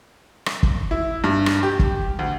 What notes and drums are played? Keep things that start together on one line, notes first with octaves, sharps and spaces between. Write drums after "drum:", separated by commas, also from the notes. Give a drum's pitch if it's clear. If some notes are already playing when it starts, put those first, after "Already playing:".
drum: rim click
drum: kick
E4
G2
drum: rim click
G4
drum: kick
D2